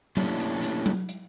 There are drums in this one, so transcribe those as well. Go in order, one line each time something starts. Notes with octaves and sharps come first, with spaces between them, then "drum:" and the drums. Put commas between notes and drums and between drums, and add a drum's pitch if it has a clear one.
A3 A#3 C#4 D4 E4 G4, drum: tom F#3
drum: hi-hat
drum: hi-hat
drum: tom F#3
drum: hi-hat